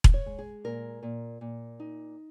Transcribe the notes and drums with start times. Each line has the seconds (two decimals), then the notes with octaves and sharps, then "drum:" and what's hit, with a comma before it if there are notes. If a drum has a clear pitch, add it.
0.04 drum: kick E1
0.14 C#5
0.26 G#3
0.39 G#4
0.64 A#2 A#4
1.03 A#2
1.41 A#2
1.80 D#4